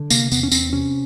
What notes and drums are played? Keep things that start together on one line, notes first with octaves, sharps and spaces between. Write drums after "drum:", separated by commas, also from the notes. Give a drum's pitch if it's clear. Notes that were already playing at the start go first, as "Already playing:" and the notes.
Already playing: D3
C3 A#3, drum: tambourine
E2 B3, drum: tambourine
C#4
E2 C4, drum: tambourine
C3 C#4